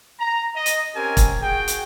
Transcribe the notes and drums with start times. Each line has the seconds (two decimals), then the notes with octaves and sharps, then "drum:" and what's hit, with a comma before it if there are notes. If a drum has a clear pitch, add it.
0.20 A#5
0.56 D#5
0.66 drum: hi-hat
0.96 C4 C#4 G4 A#4 G#5
1.17 drum: kick, hi-hat
1.42 F#4 G#4 G5
1.68 drum: hi-hat